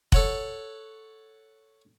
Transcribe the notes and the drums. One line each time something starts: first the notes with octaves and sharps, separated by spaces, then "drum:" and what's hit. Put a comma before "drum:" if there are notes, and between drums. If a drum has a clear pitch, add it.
A4 C#5 F#5, drum: kick F1